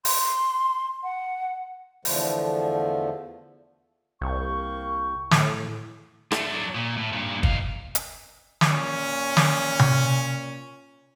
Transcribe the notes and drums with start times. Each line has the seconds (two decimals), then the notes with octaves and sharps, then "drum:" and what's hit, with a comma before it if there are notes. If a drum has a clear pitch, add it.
0.05 C6, drum: open hi-hat
1.03 F#5
2.05 E2 D3 F3 A3, drum: open hi-hat
4.21 C2 A#3 G5 C#6
5.31 A2, drum: snare
6.32 A3 D4, drum: rim click
6.52 F#3 D4
6.75 A#2
6.97 A2
7.13 G2 A#2
7.43 G#2 F5, drum: kick
7.95 drum: hi-hat
8.61 drum: snare
8.71 A#2 C#4
9.37 drum: snare
9.79 drum: tom C3